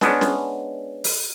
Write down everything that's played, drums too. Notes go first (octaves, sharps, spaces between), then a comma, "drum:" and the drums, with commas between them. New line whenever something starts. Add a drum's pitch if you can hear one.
G#3 B3 C#4 D4, drum: snare
drum: snare
drum: open hi-hat